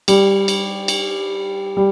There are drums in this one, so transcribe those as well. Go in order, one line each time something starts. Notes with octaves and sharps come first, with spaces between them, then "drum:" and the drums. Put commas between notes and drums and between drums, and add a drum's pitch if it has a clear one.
G3, drum: cymbal
drum: cymbal
drum: cymbal
G3